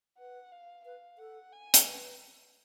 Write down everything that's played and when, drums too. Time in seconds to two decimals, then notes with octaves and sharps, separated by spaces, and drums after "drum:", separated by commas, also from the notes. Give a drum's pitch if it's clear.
0.18 B4 F#5
0.52 F5
0.85 B4 F5
1.18 A4 F#5
1.52 G#5
1.74 A4, drum: hi-hat
1.86 B4